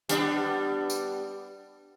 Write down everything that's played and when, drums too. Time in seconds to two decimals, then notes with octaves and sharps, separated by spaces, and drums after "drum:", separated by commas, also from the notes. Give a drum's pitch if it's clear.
0.09 G3 B3 D4, drum: hi-hat
0.90 drum: tambourine